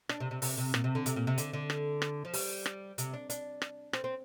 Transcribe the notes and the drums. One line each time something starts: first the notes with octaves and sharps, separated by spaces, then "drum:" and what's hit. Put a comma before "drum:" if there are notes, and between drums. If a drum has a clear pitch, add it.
D4, drum: rim click
C3
C3
C3, drum: open hi-hat
C3
A#2, drum: rim click
C3
D3
C3, drum: hi-hat
A#2
C3
D3, drum: hi-hat
D3
drum: rim click
drum: rim click
F3
G3, drum: open hi-hat
drum: rim click
C3, drum: hi-hat
D4
D4, drum: hi-hat
drum: rim click
C4, drum: rim click
C4